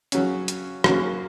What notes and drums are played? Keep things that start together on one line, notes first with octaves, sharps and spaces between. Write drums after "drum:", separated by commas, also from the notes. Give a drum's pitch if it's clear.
C#3 F#3 C#4, drum: hi-hat
drum: hi-hat
C#3 F#3 A#3 C#4 F#4, drum: rim click